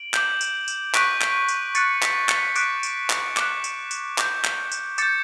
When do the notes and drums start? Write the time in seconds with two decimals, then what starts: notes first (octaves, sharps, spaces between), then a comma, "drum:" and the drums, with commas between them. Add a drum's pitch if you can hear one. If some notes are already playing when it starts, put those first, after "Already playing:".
Already playing: D7 F#7
0.14 D6 G6, drum: clap
0.41 drum: tambourine
0.68 drum: tambourine
0.95 C#6 F#6 B6 D7, drum: clap
1.22 drum: clap
1.48 drum: tambourine
1.75 C#6 F#6 A6 C#7, drum: tambourine
2.03 B6, drum: clap
2.29 A6 C#7, drum: clap
2.56 D6 F#6 B6 D7, drum: tambourine
2.83 drum: tambourine
3.10 drum: clap
3.37 D6 F#6, drum: clap
3.64 drum: tambourine
3.91 drum: tambourine
4.18 D6 G6, drum: clap
4.45 drum: clap
4.72 drum: tambourine
4.98 D6 G6 A6 C#7, drum: tambourine